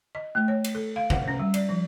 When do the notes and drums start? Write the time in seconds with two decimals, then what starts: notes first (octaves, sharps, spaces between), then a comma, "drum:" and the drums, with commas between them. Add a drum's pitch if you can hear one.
0.15 D#5
0.35 A3
0.48 C#5
0.64 drum: cymbal
0.75 A4
0.96 F5
1.10 F#5, drum: kick
1.28 C#4
1.40 G3
1.54 D5, drum: cymbal
1.69 F3